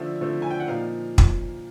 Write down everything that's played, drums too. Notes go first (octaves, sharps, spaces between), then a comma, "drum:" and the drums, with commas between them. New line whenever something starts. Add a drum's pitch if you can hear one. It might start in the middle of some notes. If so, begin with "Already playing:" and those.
Already playing: D3 F3 A3 E5
D3 F3 A3
G#5
G5
F#5
A#2 F3 A#3 D#4 F5
drum: kick